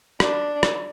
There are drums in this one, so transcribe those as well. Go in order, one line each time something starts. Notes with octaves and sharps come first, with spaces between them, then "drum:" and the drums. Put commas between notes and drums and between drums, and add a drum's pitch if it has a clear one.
D4, drum: rim click
drum: rim click